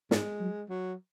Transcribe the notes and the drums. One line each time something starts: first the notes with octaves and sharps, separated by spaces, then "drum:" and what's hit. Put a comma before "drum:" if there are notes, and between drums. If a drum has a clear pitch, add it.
G#2 G#3, drum: snare
F#3
F#3